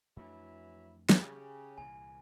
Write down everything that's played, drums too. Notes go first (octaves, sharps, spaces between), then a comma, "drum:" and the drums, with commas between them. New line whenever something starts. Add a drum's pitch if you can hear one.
F2 E3 F#3 A3 D4 E4
C#3 C#4 G4, drum: snare
C2 A#2 E3 G#5